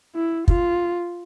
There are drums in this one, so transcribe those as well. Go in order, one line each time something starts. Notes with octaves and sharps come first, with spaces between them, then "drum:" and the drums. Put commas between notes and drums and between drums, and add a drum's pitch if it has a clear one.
E4
F4, drum: kick